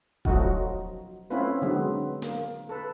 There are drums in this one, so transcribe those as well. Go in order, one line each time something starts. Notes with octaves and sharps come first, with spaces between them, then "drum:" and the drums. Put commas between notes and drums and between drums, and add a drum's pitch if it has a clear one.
F3 F#3 A3 D#4 F#4, drum: kick D#1
A3 C4 C#4 E4 F4 B4
D3 F#3 G#3 B3 C4
A#3, drum: hi-hat
A4 B4